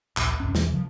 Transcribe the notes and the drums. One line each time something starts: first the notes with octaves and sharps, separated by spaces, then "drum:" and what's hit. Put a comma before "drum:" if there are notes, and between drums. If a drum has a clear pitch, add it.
D1 A#1, drum: clap
C2 F#2 C#4
E2 B2 E3, drum: snare
C#3 F3 F#3